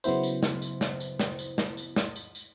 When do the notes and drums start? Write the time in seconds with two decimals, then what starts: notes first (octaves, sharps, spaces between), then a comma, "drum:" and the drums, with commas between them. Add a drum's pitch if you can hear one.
0.04 C#3 F#3 B3 E4 C5, drum: tambourine
0.23 drum: tambourine
0.43 drum: snare
0.62 drum: tambourine
0.81 drum: snare
1.00 drum: tambourine
1.20 drum: snare
1.39 drum: tambourine
1.58 drum: snare
1.77 drum: tambourine
1.96 drum: snare
2.16 drum: tambourine
2.35 drum: tambourine